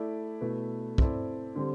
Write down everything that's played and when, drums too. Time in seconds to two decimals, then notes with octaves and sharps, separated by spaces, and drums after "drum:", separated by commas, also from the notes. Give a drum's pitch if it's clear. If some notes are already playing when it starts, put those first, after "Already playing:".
Already playing: A3 E4 A4 D5
0.41 B2 A3 E4 B4
0.98 C4 E4 A4 D5, drum: kick
1.56 D3 G3 C4